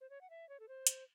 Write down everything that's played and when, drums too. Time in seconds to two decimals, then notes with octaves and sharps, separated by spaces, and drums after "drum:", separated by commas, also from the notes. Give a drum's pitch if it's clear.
0.01 C5
0.10 C#5
0.21 F#5
0.30 E5
0.49 C#5
0.60 A4
0.68 C5
0.87 drum: hi-hat